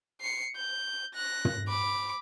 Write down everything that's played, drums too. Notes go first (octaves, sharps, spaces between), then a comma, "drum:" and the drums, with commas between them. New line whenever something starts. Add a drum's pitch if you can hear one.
C7 C#7
G6
F#6 A#6
drum: tom
B5 D6